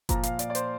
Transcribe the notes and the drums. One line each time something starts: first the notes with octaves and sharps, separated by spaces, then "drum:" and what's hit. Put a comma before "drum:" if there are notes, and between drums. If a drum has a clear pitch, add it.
A#2 F3 A#5, drum: kick F#1, hi-hat
F5, drum: hi-hat
D5, drum: hi-hat
D5
C5, drum: hi-hat